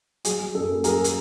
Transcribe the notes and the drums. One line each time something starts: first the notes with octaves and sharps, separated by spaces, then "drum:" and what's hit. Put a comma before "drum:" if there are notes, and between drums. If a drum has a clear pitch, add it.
F#3 G#4, drum: hi-hat
F#3
F#2 A4
A#3
F#3 G#4 A#4, drum: hi-hat
drum: hi-hat